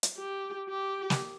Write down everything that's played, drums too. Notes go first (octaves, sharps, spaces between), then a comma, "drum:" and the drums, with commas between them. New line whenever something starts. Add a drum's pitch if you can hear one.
drum: hi-hat
G4
G4
drum: snare